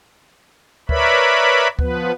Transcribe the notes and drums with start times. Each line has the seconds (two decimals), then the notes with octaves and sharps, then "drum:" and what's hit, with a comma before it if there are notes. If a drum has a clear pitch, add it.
0.89 A#4 B4 C#5 D5 E5 B5, drum: kick D2
1.79 F3 B3 B4, drum: kick D2